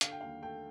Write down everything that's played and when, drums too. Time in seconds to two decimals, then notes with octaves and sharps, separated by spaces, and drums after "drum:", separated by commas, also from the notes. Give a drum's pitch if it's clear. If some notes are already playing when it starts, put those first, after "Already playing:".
0.01 D3 F5, drum: hi-hat
0.11 G5
0.21 D#2 F5
0.42 A3 G5